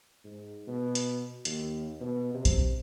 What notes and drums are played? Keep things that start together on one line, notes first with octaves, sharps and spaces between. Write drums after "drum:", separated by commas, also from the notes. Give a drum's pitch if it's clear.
G#2
B2
drum: hi-hat
D#2, drum: hi-hat
B2
C3
drum: kick A#1, hi-hat